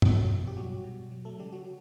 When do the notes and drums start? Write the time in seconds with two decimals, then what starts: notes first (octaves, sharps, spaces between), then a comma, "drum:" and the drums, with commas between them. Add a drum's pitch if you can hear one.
0.02 B2 F#3 F#4, drum: tom
0.29 B2
0.47 G4
0.57 F#3 G3 F#4
0.84 B2
1.11 F#3
1.25 A3 A4
1.39 C#3 G3 G4
1.52 F#3 F#4